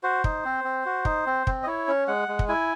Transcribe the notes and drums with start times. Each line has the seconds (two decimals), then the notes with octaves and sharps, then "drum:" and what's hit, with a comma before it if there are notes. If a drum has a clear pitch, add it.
0.03 F#4 C5
0.24 D#4, drum: kick
0.45 C4
0.64 C4
0.86 F#4
1.05 D#4, drum: kick
1.26 C4
1.47 C4, drum: kick
1.63 D#5
1.67 E4 C#5
1.88 C#4
2.08 G#3 F#5
2.28 G#3
2.39 drum: kick
2.48 E4 G#5